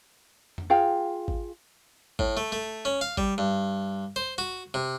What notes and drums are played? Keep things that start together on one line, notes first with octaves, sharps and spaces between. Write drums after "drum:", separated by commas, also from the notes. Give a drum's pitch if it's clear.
drum: tom F2
F4 G#4 F5 G5
drum: kick G#1
A2, drum: kick G#1
A3
A3
C#4
F5
G3, drum: kick G#1
G2
C5
F#4
C3